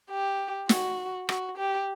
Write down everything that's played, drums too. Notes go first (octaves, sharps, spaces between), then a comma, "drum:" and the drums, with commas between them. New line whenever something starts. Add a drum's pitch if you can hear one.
G4
F#4, drum: snare
F#4, drum: rim click
G4